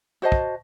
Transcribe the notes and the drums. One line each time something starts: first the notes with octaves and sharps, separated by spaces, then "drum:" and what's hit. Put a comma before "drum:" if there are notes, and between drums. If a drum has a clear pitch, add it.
F#4 C5 D#5 A5
drum: kick